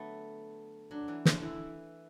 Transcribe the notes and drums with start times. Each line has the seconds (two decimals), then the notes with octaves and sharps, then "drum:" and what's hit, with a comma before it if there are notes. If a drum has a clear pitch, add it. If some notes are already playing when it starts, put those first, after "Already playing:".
Already playing: D3 F#3 A3 B3
0.91 F#3 D4
1.08 E3
1.25 D3, drum: snare
1.42 E3 E4